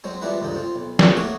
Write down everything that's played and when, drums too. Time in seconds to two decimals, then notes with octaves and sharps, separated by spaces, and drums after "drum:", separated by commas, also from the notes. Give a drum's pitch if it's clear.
0.04 F#3 G#3 C4
0.22 F3 G3 G#3 C4 E4 B4
0.40 C#2 G2 D3 D#4
0.55 C4 F4
0.76 B1
0.99 drum: snare
1.17 A2 A#3 F#4 G#4 C#5 D#6